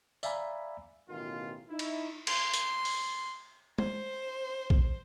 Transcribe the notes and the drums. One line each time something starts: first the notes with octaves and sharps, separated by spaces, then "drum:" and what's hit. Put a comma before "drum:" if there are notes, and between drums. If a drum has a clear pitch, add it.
D5 E5 F5 G#5 A#5 B5, drum: tambourine
A1 B2 D#3 E3 F4
D#4 E4
drum: cymbal
C6, drum: cymbal
drum: hi-hat
drum: open hi-hat
C5, drum: tom
drum: kick A#1